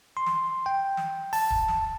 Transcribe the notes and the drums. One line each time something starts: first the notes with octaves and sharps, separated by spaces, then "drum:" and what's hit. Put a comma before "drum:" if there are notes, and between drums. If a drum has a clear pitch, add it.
C6
drum: snare
G5
drum: snare
A5, drum: open hi-hat
drum: kick D1
drum: snare